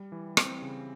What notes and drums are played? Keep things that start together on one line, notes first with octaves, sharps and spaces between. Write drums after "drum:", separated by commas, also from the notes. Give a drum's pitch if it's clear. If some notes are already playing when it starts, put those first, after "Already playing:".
Already playing: G3
E3
C4, drum: rim click
C#3